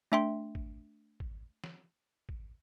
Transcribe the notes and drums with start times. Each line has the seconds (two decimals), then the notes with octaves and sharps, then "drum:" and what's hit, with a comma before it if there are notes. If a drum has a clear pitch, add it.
0.12 A3 D4 E5 G5 C6
0.55 drum: kick
1.20 drum: kick
1.64 drum: snare
2.29 drum: kick